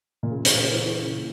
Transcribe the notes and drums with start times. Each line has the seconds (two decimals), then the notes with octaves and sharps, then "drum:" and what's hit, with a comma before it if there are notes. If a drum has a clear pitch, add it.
0.23 A#2
0.30 C#3
0.45 C#3, drum: hi-hat
0.55 A#2
0.58 C#3
0.72 E3
0.86 E3
1.01 C#3